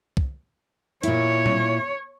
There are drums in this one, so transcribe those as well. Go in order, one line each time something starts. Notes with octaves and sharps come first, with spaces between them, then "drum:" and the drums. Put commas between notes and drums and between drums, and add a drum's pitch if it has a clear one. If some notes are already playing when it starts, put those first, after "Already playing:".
drum: kick
A#2 E4 C#5, drum: hi-hat
drum: tom